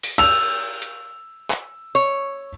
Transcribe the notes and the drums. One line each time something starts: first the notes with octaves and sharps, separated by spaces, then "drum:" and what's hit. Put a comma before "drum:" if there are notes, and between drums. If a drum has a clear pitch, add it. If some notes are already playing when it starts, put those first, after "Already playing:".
drum: open hi-hat
E6 F7, drum: cymbal
drum: hi-hat
drum: clap
C#5